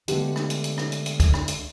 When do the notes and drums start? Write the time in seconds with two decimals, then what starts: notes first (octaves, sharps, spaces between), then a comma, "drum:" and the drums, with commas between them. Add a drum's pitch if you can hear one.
0.08 D3 G#3 A3 B3 G4 F#5, drum: hi-hat
0.36 drum: rim click
0.50 drum: hi-hat
0.64 drum: hi-hat
0.78 drum: rim click
0.92 drum: hi-hat
1.06 drum: hi-hat
1.20 drum: kick, hi-hat
1.34 drum: rim click
1.48 drum: hi-hat